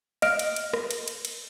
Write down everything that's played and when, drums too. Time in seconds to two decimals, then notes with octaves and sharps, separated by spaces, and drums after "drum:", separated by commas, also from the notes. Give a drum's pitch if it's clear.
0.22 D#5 F5 F6 D7, drum: cymbal
0.39 drum: cymbal
0.56 drum: cymbal
0.73 drum: rim click
0.91 drum: cymbal
1.08 drum: cymbal
1.25 drum: cymbal